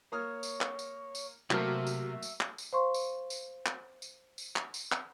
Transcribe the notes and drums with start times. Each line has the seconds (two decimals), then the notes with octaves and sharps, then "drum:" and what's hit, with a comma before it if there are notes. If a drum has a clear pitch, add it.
0.12 A#3 C#5 D#6 F6
0.43 drum: tambourine
0.61 drum: clap
0.79 drum: tambourine
1.15 drum: tambourine
1.51 C3 F#3 A3 A#3 F#4 E5 F6, drum: clap
1.87 drum: tambourine
2.23 drum: tambourine
2.40 drum: clap
2.58 drum: tambourine
2.73 C5 F5 C6 C#6
2.94 drum: tambourine
3.30 drum: tambourine
3.66 drum: clap
4.02 drum: tambourine
4.38 drum: tambourine
4.56 drum: clap
4.74 drum: tambourine
4.92 drum: clap